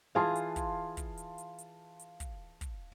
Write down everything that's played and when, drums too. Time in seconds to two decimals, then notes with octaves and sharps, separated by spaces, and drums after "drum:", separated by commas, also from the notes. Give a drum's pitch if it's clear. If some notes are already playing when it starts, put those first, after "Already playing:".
0.15 E3 F4 G#4 F5 A5 C6
0.35 drum: hi-hat
0.56 drum: kick, hi-hat
0.97 drum: kick, hi-hat
1.17 drum: hi-hat
1.38 drum: hi-hat
1.58 drum: hi-hat
1.99 drum: hi-hat
2.20 drum: kick, hi-hat
2.61 drum: kick, hi-hat